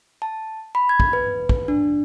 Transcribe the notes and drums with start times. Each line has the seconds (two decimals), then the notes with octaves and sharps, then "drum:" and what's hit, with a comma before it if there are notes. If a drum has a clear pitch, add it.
0.22 A5
0.75 B5
0.89 G#6
1.00 drum: kick
1.13 B4
1.49 drum: kick
1.68 D4